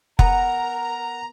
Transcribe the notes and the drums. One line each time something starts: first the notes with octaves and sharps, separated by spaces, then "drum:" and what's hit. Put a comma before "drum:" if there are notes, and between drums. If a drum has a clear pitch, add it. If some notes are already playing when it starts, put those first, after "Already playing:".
B3 A#4 F#5 A#5, drum: kick F1